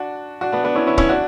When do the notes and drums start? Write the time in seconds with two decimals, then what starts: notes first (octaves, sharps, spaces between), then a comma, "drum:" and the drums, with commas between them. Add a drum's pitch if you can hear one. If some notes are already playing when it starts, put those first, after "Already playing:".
Already playing: D4 F#4
0.41 D4 F#4
0.52 B3 D4
0.64 B3 D4
0.75 C#4 E4
0.87 C#4 E4
0.98 C#4 E4, drum: kick
1.09 D4 F#4